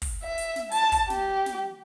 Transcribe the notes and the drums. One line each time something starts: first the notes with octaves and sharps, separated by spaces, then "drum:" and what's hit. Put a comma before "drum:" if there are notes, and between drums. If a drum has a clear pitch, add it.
drum: kick, open hi-hat
E5
drum: hi-hat
drum: snare
A5, drum: hi-hat
drum: kick, hi-hat
G4, drum: snare
drum: snare